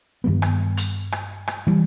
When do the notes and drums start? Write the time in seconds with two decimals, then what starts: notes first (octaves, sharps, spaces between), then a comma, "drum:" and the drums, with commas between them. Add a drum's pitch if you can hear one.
0.24 G2 D#3 G3 B3
0.42 drum: rim click
0.77 drum: hi-hat
1.12 drum: rim click
1.47 drum: rim click
1.67 E3 G3